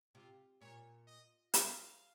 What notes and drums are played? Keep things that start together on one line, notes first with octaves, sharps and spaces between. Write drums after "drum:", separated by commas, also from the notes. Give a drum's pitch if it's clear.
C3 F4
A#2 C#5
D#5
F5, drum: hi-hat